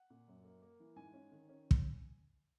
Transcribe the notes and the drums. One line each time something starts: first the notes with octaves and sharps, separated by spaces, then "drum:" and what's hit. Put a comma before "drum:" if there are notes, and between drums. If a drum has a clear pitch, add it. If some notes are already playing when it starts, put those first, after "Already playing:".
Already playing: F#5
A#2
F#2
A#3
A#3
E3
G#2 G#5
C#4
D#3
C#4
drum: kick